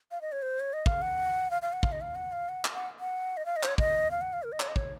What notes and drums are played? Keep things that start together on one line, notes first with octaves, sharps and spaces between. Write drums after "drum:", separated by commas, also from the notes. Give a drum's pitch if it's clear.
F5
D#5
C#5
C5
C#5
D#5
F5, drum: kick
F#5
F5
F5
F#5
F5, drum: kick
D#5
F5
F#5
F5
F#5
drum: clap
F#5
F#5
D#5
F5
D#5
C5, drum: clap
C#5
D#5, drum: kick
F5
F#5
F5
A#4
D#5
C#5, drum: clap
D#5
C#5, drum: kick